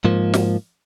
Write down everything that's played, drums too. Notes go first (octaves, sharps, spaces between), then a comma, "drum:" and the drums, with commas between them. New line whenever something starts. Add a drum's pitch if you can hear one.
G#2 F3 A#3
drum: snare